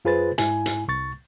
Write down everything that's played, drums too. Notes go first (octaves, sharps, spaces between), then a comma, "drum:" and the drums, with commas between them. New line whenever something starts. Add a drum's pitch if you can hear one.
F#2 F4 G#4 B4 C5 A6
G#2 E4 G#5, drum: hi-hat
drum: hi-hat
C2 C#6 A6